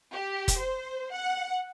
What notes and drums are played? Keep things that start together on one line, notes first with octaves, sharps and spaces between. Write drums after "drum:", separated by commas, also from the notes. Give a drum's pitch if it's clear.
G4
drum: kick F1, hi-hat
C5
F#5